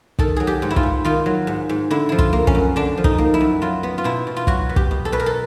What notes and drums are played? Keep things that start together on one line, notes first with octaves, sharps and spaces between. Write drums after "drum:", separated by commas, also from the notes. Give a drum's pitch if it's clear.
D#3 A4, drum: kick
F#3 G#4
G4
G#2
E4
F4, drum: kick
G#2
D#3 F4
F#3
G#2
G#2
D3 E4
F3 E4
F4, drum: kick
A#3
C#4, drum: kick
F#2
D3 D4
F3
D#4, drum: kick
A#3
E4
F#2
F#3 F4
B3
F4
B2 E4
B2
F4
F#3 F#4, drum: kick
B3
G4, drum: kick
B2
A4
B2 B4
A#4
A4